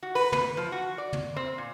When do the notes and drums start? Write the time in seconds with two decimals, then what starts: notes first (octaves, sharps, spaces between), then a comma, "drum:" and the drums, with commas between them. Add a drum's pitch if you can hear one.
0.03 F#4
0.15 B4, drum: open hi-hat
0.32 B4, drum: tom
0.57 F3
0.72 F#4
0.98 D5
1.13 drum: tom
1.36 C4
1.58 A#2